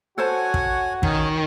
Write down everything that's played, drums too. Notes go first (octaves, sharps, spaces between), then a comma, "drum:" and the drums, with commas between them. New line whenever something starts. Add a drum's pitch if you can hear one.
F#4 A4 C5 C#5 F#5 G#5 A5
drum: kick
D#3 C#4 D#4 C#5, drum: kick